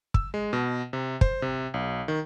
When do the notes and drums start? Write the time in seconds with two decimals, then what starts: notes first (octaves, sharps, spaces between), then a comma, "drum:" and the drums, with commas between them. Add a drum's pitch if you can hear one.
0.14 E6, drum: kick
0.34 G#3
0.53 B2
0.93 C3
1.21 C5, drum: kick
1.42 C3
1.74 B1
2.08 D#3